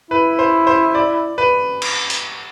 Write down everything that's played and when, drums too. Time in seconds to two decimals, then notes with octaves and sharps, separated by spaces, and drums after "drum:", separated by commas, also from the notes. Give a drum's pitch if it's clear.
0.11 E4 B4
0.39 C5
0.67 C5
0.95 D5
1.38 B4
1.82 drum: cymbal
2.10 drum: hi-hat